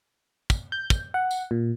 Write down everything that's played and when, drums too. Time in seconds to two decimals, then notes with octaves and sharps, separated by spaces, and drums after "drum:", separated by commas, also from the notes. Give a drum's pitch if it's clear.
0.50 drum: kick, tambourine
0.72 G6
0.90 drum: kick, tambourine
1.14 F#5
1.31 drum: tambourine
1.51 A#2